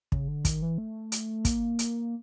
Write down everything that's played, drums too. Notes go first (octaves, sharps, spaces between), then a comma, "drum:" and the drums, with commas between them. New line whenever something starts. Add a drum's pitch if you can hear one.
C#3, drum: kick
D3
D#3, drum: kick, hi-hat
E3
A3
drum: hi-hat
A#3, drum: kick, hi-hat
drum: hi-hat